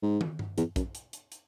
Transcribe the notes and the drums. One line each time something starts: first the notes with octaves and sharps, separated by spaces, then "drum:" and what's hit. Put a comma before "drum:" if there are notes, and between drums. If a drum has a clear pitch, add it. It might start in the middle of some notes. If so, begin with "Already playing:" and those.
G#2
drum: tom
drum: tom G2
E2, drum: hi-hat
F#2, drum: kick, hi-hat
drum: hi-hat
drum: hi-hat
drum: hi-hat